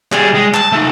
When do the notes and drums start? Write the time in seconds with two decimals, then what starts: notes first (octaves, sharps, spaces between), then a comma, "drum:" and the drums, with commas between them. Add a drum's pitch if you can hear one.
0.12 G3 G#4, drum: clap
0.34 G#3
0.54 A5, drum: clap
0.72 A3 D#4